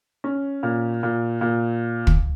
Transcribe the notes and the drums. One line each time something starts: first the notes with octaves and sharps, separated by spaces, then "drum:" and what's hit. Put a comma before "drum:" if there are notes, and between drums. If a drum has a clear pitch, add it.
C#4
A#2
A#2
A#2
drum: kick